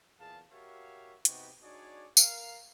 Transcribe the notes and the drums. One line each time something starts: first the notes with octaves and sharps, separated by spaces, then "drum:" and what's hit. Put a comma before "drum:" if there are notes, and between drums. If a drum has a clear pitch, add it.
E2 A#2 G#4 F5 A5
F#4 G4 A#4 C#5 E5 F5
C3 B3 D#4 F#4 G4, drum: hi-hat
D4 D#4 F#4 G#4 C#5 D5
A#4 F5, drum: tambourine